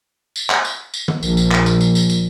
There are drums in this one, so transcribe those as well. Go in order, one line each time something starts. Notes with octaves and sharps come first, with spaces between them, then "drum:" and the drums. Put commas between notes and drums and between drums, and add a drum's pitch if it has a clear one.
drum: tambourine
drum: clap
drum: tambourine
drum: tambourine
drum: tom D#3
A#1, drum: tambourine
drum: tambourine
drum: clap
drum: tambourine
drum: tambourine
drum: tambourine
drum: tambourine